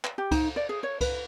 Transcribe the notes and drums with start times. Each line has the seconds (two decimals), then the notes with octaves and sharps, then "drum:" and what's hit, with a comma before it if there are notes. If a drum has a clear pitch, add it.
0.04 drum: clap
0.18 G4
0.31 D#4, drum: kick C#2, cymbal
0.56 D5
0.69 G#4
0.83 C#5
1.01 B4, drum: kick C#2, cymbal